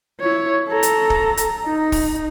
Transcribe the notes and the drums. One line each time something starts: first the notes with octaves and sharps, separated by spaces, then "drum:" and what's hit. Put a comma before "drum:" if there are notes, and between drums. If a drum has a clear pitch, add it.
E4 C#5
A4 A#5
drum: hi-hat
drum: kick
drum: hi-hat
D#4
drum: kick, open hi-hat